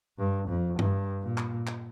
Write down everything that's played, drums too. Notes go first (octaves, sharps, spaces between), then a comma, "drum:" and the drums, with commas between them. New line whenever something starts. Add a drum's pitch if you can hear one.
G2
F2
G2, drum: tom G2
A#2
drum: clap
drum: clap